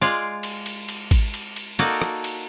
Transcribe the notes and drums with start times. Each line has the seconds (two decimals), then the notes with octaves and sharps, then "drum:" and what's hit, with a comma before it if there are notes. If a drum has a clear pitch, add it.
0.01 G#3 F4 D5 F5
0.43 drum: cymbal
0.66 drum: cymbal
0.88 drum: cymbal
1.11 drum: kick G#1, cymbal
1.34 drum: cymbal
1.56 drum: cymbal
1.79 A#3 D#4 F#4 A4 D5 A5, drum: cymbal
2.02 drum: rim click
2.24 drum: cymbal